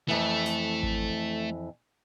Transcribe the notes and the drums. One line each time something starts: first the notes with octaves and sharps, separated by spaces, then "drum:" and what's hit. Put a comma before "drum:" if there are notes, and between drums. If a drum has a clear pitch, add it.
F2 E3 A3
drum: snare
drum: kick G#1